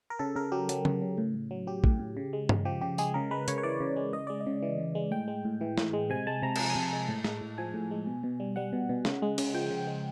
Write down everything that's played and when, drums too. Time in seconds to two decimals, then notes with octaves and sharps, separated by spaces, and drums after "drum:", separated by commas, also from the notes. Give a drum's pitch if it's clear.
0.10 A#4
0.19 C#3 A4
0.36 C#3 A#4
0.52 F#3 G4
0.69 F#3, drum: hi-hat
0.85 C#3, drum: tom C#3
1.02 C#3
1.18 A2
1.35 A2
1.51 F#3
1.67 F#3 G4
1.84 A2, drum: kick A#1
1.99 A2
2.17 C#3
2.33 G#3
2.49 C#3, drum: tom G2
2.65 F3 G4
2.81 C#3 G4
2.98 G#3 G#4, drum: tambourine
3.14 C#3 A#4
3.31 G#3 B4
3.48 C#3 C#5, drum: hi-hat
3.58 C#5
3.63 E3 D5
3.80 C#3
3.96 G#3
4.13 C#3 D#5
4.27 G#3 D5
4.41 D#5
4.46 C#3
4.62 E3
4.78 C#3
4.95 G#3
5.11 A2 G5
5.28 G#3
5.45 A2
5.61 E3
5.78 A2, drum: snare
5.93 G#3
6.10 C3 G#5
6.27 G#3 A5
6.42 C3 A#5
6.56 F3 A5, drum: cymbal
6.70 G#5
6.75 C3
6.83 A5
6.93 G#3
7.08 A2
7.24 G#3, drum: snare
7.41 A2
7.58 F3 G#5
7.74 A2
7.91 G#3
8.07 B2
8.23 B2
8.40 G3
8.56 G3 F#5
8.73 B2
8.89 B2
9.05 C#3, drum: snare
9.22 G#3
9.38 C#3, drum: cymbal
9.54 F3 G5
9.71 C#3
9.87 G#3